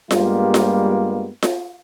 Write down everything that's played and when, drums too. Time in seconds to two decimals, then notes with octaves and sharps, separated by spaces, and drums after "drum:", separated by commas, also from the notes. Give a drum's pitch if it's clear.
0.11 G2 G3 G#3 A#3 B3 F4, drum: snare F4
0.54 drum: snare F4
1.43 drum: snare F4